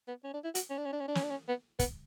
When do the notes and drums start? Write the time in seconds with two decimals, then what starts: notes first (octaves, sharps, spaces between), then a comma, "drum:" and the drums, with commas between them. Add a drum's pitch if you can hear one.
0.08 B3
0.24 C#4
0.34 D4
0.44 E4
0.55 F#4, drum: hi-hat
0.70 C#4
0.78 D4
0.85 C#4
0.93 D4
1.00 C#4
1.08 D4
1.15 C#4, drum: snare
1.23 D4
1.30 C#4
1.49 B3
1.79 B3, drum: kick, hi-hat